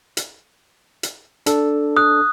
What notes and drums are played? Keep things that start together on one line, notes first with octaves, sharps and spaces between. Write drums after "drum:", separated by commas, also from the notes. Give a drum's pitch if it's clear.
drum: hi-hat
drum: hi-hat
D4 A4, drum: hi-hat
D#6 F#6